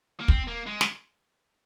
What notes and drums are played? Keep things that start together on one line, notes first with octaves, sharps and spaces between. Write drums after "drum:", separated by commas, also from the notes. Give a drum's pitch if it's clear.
A#3
C4, drum: kick
A#3
G#3
drum: snare